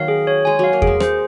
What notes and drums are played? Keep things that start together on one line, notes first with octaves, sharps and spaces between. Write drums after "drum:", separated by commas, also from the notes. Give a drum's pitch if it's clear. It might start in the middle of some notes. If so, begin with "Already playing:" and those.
Already playing: D#3 F#3 A#3 F5
G#4
C#5
G#3 G#5
F#3 F5
A#3
G#4, drum: kick E2
G#3
G#3 C5, drum: rim click